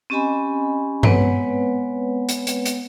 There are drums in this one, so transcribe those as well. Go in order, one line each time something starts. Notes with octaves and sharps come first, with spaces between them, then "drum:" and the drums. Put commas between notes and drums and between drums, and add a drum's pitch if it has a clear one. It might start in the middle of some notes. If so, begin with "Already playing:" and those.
C4 C#4 G4 D#5 G#5 B5
G#3 B3 C4 B4 C#5 F#5, drum: tom G2
drum: hi-hat
drum: hi-hat
drum: hi-hat